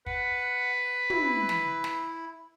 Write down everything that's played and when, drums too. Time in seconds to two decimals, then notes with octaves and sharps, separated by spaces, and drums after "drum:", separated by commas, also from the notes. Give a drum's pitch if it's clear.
0.06 B4 F#5, drum: kick
1.10 E4, drum: tom
1.49 drum: snare
1.84 drum: snare